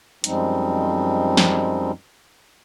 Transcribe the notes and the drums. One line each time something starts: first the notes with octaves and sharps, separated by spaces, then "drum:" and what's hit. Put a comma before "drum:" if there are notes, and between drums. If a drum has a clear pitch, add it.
F#2 F3 G3 G#3 C4 D#4, drum: hi-hat
drum: snare